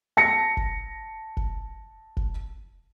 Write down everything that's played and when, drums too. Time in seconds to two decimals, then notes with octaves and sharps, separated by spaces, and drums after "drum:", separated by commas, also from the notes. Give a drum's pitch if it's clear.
0.17 A5 A#6 C#7
0.57 drum: kick
1.37 drum: kick
2.17 drum: kick